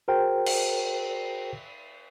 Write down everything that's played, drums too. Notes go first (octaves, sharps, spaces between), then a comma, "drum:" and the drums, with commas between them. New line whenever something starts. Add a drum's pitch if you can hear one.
F#4 G#4 A#4 C5 G5
drum: cymbal